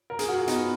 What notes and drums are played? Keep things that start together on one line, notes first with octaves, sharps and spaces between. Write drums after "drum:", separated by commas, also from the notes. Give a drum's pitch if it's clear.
A#4
G#4, drum: hi-hat
F#4
F4
B3 D#4, drum: hi-hat